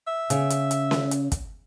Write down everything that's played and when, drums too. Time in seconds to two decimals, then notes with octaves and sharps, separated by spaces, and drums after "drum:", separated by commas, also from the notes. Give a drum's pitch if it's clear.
0.07 E5
0.30 C#3, drum: hi-hat
0.50 drum: hi-hat
0.71 drum: hi-hat
0.91 drum: snare C#4
1.11 drum: hi-hat
1.32 drum: kick, hi-hat